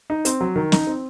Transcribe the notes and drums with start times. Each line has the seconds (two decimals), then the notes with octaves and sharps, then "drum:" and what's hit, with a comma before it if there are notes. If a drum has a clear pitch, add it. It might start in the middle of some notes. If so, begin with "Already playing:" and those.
0.10 D#4
0.25 C4, drum: hi-hat
0.41 F#3
0.56 D#3
0.72 D#4, drum: snare
0.87 C4